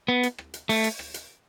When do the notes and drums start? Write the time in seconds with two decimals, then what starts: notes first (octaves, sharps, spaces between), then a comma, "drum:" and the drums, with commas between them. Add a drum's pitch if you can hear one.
0.08 B3
0.23 drum: hi-hat
0.38 drum: rim click
0.54 drum: hi-hat
0.69 A3, drum: open hi-hat
0.84 drum: hi-hat
0.99 drum: rim click
1.14 drum: hi-hat